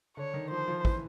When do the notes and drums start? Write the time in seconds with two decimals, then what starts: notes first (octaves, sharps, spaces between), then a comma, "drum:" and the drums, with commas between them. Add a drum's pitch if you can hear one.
0.17 D3 C#5
0.34 D#3
0.51 F3 C5
0.68 F3
0.85 E3, drum: kick